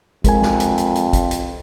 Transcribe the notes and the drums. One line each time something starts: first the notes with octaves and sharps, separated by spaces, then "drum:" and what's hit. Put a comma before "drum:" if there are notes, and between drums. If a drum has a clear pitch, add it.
F2 G#3 A#4 G#5, drum: kick, hi-hat
drum: snare
drum: hi-hat
drum: hi-hat
drum: hi-hat
drum: kick, hi-hat
drum: hi-hat